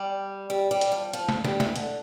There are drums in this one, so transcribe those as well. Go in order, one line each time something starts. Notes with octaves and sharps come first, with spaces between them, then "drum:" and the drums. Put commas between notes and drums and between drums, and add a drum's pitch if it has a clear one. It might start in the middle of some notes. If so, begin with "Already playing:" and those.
Already playing: G3
G3
G3
drum: hi-hat
F3
F3, drum: hi-hat
drum: snare
G3, drum: snare
E3, drum: snare
D3, drum: hi-hat